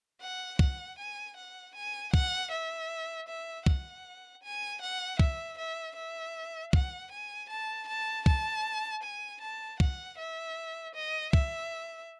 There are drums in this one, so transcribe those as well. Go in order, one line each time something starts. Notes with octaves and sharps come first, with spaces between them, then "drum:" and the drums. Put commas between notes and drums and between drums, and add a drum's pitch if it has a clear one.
F#5
F#5, drum: kick
G#5
F#5
G#5
F#5, drum: kick
E5
E5
F#5, drum: kick
G#5
F#5
E5, drum: kick
E5
E5
F#5, drum: kick
G#5
A5
A5
A5, drum: kick
G#5
A5
F#5, drum: kick
E5
D#5
E5, drum: kick